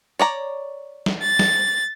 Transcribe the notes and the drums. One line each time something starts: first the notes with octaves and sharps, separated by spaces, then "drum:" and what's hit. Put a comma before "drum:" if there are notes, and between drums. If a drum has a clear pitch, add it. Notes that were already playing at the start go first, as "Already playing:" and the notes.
C#5 D5 A#5
drum: snare
A6
drum: snare